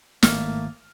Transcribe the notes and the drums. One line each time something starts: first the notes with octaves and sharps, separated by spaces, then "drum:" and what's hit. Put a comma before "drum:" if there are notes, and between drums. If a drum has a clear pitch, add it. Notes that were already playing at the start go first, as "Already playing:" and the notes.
G#1 A2 A3 A#3 F6, drum: snare